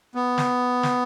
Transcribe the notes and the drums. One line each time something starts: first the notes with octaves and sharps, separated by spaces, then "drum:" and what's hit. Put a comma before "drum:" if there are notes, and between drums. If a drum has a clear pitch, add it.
B3
drum: snare
drum: snare